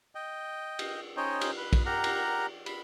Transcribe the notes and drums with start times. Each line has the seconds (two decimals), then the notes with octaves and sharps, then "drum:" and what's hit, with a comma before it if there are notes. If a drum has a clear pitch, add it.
0.15 D#5 G5
0.79 drum: cymbal
1.17 C#4 D#4 C5 C#5 D#5 G5
1.41 drum: cymbal
1.57 B4
1.73 drum: kick, cymbal
1.86 G4 A#4 F#5 A#5
2.04 drum: cymbal
2.66 B5, drum: cymbal